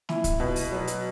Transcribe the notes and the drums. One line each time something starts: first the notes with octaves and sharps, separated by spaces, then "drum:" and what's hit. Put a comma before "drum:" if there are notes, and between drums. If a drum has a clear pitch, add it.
E4, drum: snare
drum: kick, hi-hat
B2
drum: open hi-hat
F#3
drum: hi-hat